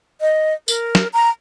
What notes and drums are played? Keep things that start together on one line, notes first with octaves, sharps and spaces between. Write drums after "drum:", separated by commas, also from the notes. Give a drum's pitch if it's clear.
D#5
A#4, drum: tambourine
drum: snare
A#5